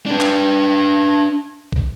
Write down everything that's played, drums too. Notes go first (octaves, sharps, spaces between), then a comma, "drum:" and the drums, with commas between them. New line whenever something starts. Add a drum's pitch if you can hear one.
D4 B4
drum: clap
drum: kick A#1